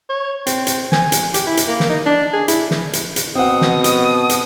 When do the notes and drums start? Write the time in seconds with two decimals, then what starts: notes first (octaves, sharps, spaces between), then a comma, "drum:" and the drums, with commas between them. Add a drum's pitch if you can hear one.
0.10 C#5
0.47 C4, drum: hi-hat
0.67 drum: hi-hat
0.92 G#5, drum: snare
1.12 drum: hi-hat
1.34 G4, drum: hi-hat
1.47 E4
1.57 drum: hi-hat
1.68 A#3
1.80 drum: snare
1.89 D#4
2.06 D4
2.33 G#4
2.48 E4, drum: hi-hat
2.71 drum: snare
2.93 drum: hi-hat
3.16 drum: hi-hat
3.35 B2 C4 F#5 D#6
3.61 drum: snare
3.84 drum: hi-hat
4.29 drum: hi-hat